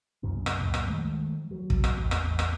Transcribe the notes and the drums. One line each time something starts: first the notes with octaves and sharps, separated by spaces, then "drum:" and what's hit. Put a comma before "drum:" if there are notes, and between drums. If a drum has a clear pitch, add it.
C2 F#2 C#3
drum: rim click
C#2 F#2 A#2
drum: rim click
D#3 F3 G#3 A3
F#3
drum: kick
drum: rim click
A1 E2
drum: rim click
drum: rim click